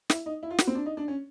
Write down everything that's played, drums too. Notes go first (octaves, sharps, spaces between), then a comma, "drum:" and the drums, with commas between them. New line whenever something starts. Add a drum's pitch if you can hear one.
E4, drum: snare
D#4
E4
F4
F#4, drum: snare
C4
D4
D#4
D4
C#4